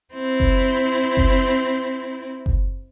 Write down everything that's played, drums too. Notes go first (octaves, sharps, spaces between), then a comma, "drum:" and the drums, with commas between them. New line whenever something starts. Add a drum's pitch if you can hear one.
C4 E4
drum: kick F#1
drum: kick F#1
drum: kick F#1